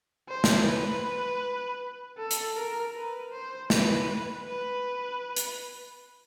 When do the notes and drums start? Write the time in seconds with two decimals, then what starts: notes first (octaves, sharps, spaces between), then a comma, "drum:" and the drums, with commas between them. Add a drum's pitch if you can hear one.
0.29 C5
0.44 drum: snare
0.66 B4
2.18 A4
2.31 drum: hi-hat
2.56 A#4
2.94 B4
3.31 C5
3.70 B4, drum: snare
4.45 B4
5.37 drum: hi-hat